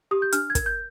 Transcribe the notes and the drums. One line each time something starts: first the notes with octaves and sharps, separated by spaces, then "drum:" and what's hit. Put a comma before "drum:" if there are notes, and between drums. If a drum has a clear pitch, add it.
G4 D#6
G6
D4 F6, drum: hi-hat
G#6
A#4, drum: kick, hi-hat
G6